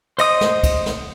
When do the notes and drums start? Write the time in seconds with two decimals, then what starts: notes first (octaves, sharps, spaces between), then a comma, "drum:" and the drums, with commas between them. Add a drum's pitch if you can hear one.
0.19 C5 D#5 D#6, drum: cymbal
0.41 drum: snare
0.63 drum: kick, cymbal
0.86 drum: snare